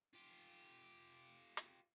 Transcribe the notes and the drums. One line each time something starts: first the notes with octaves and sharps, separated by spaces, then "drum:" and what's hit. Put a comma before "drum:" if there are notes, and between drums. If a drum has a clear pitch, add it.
F4 G4
drum: hi-hat